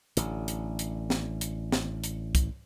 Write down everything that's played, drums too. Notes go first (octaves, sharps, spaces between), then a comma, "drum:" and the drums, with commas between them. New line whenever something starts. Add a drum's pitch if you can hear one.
A1 D3, drum: hi-hat
drum: hi-hat
drum: hi-hat
drum: snare
drum: hi-hat
drum: snare
drum: hi-hat
drum: kick, hi-hat